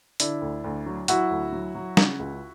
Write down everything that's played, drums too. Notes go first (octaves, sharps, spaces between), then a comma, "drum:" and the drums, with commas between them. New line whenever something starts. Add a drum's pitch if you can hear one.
D3 D4 E4, drum: hi-hat
D2
D2
F#3
F#3 E4 F#4, drum: hi-hat
D2
F#3
F#3
C#3, drum: snare
C#2